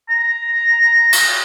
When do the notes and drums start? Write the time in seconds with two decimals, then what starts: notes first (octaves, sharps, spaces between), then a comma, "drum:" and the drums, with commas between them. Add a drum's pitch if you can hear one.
0.09 A#5
1.13 drum: cymbal